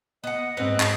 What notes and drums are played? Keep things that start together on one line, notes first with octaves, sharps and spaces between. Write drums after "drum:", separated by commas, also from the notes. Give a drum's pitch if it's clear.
B3 D#5 F#5
G#2 B3 C4 B4 D#5
drum: clap